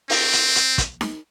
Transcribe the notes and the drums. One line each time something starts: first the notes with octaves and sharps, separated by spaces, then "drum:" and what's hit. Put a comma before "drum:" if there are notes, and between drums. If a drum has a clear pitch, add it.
C4, drum: open hi-hat
drum: hi-hat
drum: hi-hat
drum: kick, hi-hat
drum: snare D#4